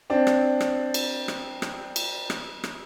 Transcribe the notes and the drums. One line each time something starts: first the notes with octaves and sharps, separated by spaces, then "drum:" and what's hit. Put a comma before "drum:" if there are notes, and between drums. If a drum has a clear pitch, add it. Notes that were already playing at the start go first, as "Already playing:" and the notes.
C4 D4
drum: rim click
drum: rim click
drum: cymbal
drum: rim click
drum: rim click
drum: cymbal
drum: rim click
drum: rim click